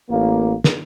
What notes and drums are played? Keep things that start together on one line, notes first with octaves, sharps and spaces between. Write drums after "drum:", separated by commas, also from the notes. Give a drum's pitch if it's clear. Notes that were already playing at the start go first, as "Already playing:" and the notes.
A1 A#3
drum: snare